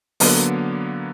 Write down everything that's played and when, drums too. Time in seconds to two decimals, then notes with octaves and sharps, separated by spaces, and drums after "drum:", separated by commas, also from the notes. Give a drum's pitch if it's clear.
0.20 D3 F#3 A#3 B3, drum: open hi-hat